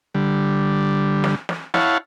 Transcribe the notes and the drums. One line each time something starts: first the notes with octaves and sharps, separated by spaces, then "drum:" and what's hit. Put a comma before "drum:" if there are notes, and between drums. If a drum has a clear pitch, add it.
D3 G3
drum: snare
drum: snare
E4 C#5 F5 F#5 A5, drum: snare